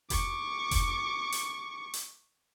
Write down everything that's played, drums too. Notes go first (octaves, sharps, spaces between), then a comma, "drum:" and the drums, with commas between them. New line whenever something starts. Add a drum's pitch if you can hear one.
C#6 D6, drum: kick F1, hi-hat
drum: kick F1, hi-hat
drum: hi-hat
drum: hi-hat